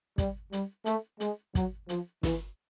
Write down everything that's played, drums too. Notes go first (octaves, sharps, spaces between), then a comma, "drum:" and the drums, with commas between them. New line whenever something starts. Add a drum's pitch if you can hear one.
G3, drum: kick, hi-hat
G3, drum: hi-hat
A3, drum: hi-hat
G#3, drum: hi-hat
F#3, drum: kick, hi-hat
F3, drum: hi-hat
E3, drum: snare